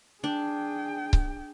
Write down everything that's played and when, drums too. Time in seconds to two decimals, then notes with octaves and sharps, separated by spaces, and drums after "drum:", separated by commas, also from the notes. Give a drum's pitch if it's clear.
0.24 D4 G#4 G5
1.13 drum: kick C#1